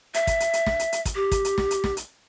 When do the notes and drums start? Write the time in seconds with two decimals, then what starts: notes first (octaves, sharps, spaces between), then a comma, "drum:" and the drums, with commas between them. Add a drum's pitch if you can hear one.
0.14 E5, drum: hi-hat
0.27 drum: kick, hi-hat
0.40 drum: hi-hat
0.53 drum: hi-hat
0.66 drum: snare
0.79 drum: hi-hat
0.92 drum: hi-hat
1.06 drum: kick, hi-hat
1.15 G4
1.32 drum: kick, hi-hat
1.45 drum: hi-hat
1.58 drum: snare
1.71 drum: hi-hat
1.84 drum: snare
1.97 drum: hi-hat